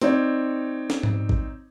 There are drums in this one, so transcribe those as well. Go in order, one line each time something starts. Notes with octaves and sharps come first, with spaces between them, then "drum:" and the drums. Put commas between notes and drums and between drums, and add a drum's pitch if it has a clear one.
C4 D#4 C#5 D5, drum: hi-hat
drum: snare
drum: tom G#2
drum: kick G#1